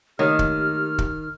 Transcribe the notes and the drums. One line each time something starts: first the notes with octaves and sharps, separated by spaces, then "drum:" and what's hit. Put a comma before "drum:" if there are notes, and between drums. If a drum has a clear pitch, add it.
D#3 A3 A#3 G4 C#5 F6
drum: kick
drum: kick